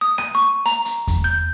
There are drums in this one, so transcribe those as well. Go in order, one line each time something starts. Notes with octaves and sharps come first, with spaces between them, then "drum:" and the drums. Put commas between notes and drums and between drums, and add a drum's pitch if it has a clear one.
D#6
D#7, drum: rim click
C#6
A#5, drum: hi-hat
drum: hi-hat
drum: kick E2, hi-hat
G6